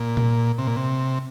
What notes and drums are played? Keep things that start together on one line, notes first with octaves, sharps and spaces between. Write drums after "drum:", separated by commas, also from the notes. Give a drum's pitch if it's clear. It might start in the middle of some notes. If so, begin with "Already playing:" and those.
Already playing: A#2
drum: tom A#2
C3
A#2
C3